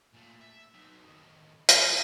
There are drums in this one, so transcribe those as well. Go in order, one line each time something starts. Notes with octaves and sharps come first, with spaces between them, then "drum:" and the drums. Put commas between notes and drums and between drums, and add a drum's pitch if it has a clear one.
A#2 A3
E5
F#3 D#4
A2 D#3
C#4, drum: hi-hat
F4 A#5